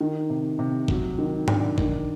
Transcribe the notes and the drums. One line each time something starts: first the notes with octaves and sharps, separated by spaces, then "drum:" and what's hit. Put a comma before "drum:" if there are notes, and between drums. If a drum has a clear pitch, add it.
D#3
C3
C3
F#3, drum: kick G1
D#3
D4, drum: tom G#2
D#3, drum: kick G1